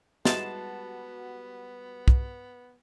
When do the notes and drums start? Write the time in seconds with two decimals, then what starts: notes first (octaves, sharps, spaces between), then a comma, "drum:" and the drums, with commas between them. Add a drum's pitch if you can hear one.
0.25 G3 G#3 B3 D#4 E4 F#4 A5 C7, drum: snare
2.08 drum: kick